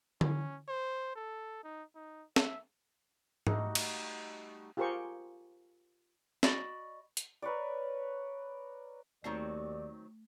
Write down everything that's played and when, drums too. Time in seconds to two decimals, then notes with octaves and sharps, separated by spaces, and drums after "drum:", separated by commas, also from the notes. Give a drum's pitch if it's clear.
0.21 C#4, drum: tom D3
0.68 C5
1.16 A4
1.64 D#4
1.95 D#4
2.36 E5, drum: snare
3.47 G3 A3 D#4 F#4, drum: tom G#2
3.75 drum: cymbal
4.77 F4 G4 G#4 A#4 C5 C#6
6.43 F#4 D5 D#5 B5, drum: snare
7.17 drum: hi-hat
7.42 A#4 B4 C#5 D5
9.24 D#2 D#3 F#3 A3 C4 D5